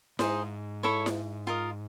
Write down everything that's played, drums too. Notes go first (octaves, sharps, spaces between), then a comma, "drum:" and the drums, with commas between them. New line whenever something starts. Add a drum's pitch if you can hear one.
G#2 D#4 G#4 C5, drum: snare E4
E4 A4 C#5
drum: snare E4
F4 A#4 D#5